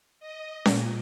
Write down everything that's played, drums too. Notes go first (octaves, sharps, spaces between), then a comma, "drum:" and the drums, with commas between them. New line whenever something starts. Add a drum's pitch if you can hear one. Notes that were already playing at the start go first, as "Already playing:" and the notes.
D#5
A#2, drum: snare C#4